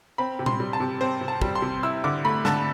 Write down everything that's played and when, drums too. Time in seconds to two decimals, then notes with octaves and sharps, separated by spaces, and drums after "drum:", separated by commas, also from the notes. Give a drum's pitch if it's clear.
0.18 C4 B5
0.39 C3
0.46 C6, drum: tom A#2
0.60 G3
0.73 A5
0.80 C3
1.01 C4 C5
1.21 C3
1.28 A5
1.42 G3, drum: kick
1.55 C6
1.62 C3
1.83 E4 E6
2.04 D3 D6
2.24 A3 B5
2.45 D3 A5, drum: snare